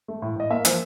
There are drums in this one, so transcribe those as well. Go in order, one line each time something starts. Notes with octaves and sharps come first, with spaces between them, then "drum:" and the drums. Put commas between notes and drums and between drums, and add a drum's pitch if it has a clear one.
A3
A2
A2 D#5
A#3 E5
F3, drum: hi-hat